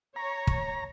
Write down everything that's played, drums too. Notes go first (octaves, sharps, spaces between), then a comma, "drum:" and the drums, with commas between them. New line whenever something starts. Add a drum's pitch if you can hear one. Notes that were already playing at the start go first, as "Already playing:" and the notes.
C#5 A#5
drum: kick